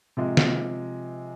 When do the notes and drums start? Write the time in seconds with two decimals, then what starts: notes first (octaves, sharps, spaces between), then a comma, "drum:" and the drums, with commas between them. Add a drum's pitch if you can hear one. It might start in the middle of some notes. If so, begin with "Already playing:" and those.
0.17 C3 F3 G#3
0.37 drum: snare